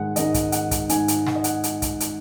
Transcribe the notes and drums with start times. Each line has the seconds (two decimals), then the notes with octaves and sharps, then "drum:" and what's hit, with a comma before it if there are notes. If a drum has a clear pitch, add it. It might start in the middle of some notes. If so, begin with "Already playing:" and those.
Already playing: G#2 D#3 G#3 F#5
0.16 G#2 D#3 G#3 D#5, drum: hi-hat
0.34 drum: kick, hi-hat
0.52 F#5, drum: hi-hat
0.71 drum: kick, hi-hat
0.89 G#2 D#3 G#3 G#5, drum: hi-hat
1.08 drum: hi-hat
1.26 F#5, drum: snare
1.35 D#5
1.44 F#5, drum: hi-hat
1.64 drum: hi-hat
1.82 drum: kick, hi-hat
2.00 drum: hi-hat